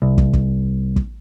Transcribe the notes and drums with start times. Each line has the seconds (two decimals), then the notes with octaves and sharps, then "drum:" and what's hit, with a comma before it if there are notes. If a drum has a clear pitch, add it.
0.02 C2
0.18 drum: kick
0.33 drum: kick
0.96 drum: kick